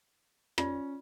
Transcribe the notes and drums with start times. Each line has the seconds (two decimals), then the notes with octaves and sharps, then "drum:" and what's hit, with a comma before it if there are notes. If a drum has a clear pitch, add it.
0.58 C#4 F4 D5, drum: rim click